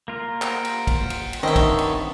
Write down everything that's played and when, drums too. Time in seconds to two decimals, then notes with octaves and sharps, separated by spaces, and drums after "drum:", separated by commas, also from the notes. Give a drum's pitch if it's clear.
0.08 A#3 F4 A#4
0.42 C5 F#5 G5, drum: clap
0.65 drum: cymbal
0.87 drum: kick, cymbal
1.10 drum: cymbal
1.33 drum: cymbal
1.43 D#3 B3 C4 D4 C#5 D#5 E5 A5
1.56 drum: kick, cymbal
1.78 drum: cymbal